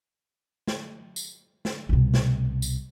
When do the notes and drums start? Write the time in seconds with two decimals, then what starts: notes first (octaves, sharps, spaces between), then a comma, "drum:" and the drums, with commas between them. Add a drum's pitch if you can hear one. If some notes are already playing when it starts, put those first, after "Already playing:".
0.67 drum: snare
1.16 drum: tambourine
1.65 drum: snare
1.89 C2 B2
2.14 drum: snare
2.62 drum: tambourine